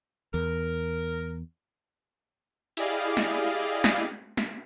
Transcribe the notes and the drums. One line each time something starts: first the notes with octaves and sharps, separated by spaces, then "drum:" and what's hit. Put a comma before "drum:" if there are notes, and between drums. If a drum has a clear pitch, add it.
E2 A#4
E4 G4 G#4 D5 D#5 F5, drum: hi-hat
drum: snare
drum: snare
drum: snare